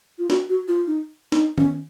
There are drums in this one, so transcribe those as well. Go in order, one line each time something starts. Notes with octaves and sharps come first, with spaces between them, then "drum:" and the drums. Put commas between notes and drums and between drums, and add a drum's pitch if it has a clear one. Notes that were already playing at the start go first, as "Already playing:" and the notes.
F4
F#4, drum: snare
F#4
F4
D#4
D#4, drum: snare
C#4, drum: tom D#3